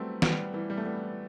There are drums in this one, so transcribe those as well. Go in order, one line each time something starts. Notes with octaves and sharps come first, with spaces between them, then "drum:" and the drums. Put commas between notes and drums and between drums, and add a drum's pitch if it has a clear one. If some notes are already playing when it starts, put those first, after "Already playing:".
Already playing: F#3 G3 A3 B3 C4
G3 B3, drum: snare
E3 G3
G3
A3
G3 B3